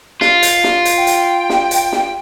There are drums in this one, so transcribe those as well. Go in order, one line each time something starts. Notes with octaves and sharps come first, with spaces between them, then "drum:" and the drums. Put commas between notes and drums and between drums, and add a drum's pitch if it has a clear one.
F4, drum: snare
drum: hi-hat
drum: snare
drum: hi-hat
G5
drum: hi-hat
drum: snare
drum: hi-hat
drum: snare